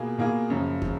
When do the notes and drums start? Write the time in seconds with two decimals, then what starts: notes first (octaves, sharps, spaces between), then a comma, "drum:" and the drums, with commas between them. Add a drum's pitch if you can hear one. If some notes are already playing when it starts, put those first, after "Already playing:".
Already playing: B2 A#3 F4 G#4
0.18 B2 A#3 F4 G#4
0.50 F#2 C#3 F3
0.82 C#3 F3, drum: kick